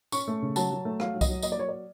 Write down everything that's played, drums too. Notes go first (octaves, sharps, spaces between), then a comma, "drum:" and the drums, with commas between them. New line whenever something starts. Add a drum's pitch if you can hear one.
C#4 C#6, drum: tambourine
A3
C#3
F#3 A5, drum: tambourine
F#3
A3
F#3 F5, drum: rim click
F#3
D#5, drum: kick C2, tambourine
F#3
A#3 D#5, drum: tambourine
D5
F#3 C#5
D5